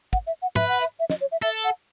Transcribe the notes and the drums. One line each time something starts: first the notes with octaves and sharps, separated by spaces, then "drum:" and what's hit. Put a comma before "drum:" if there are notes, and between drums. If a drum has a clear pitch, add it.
F#5, drum: kick
E5
F#5
B4 E5, drum: tom
F#5
E5, drum: hi-hat
E5
D#5, drum: snare
C#5
E5
A4 E5
F#5